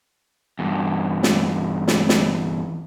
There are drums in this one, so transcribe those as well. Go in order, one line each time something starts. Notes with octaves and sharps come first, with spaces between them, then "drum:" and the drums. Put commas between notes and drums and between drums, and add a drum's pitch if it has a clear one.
E2 G2
drum: snare
drum: snare
drum: snare